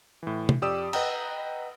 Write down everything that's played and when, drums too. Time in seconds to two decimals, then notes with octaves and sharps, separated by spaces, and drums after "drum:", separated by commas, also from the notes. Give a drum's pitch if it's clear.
0.23 A2 E3
0.49 drum: tom
0.62 F2 G4 D5 D#6 E6 E7
0.93 B4 D#5 F#5 G5 A#5, drum: cymbal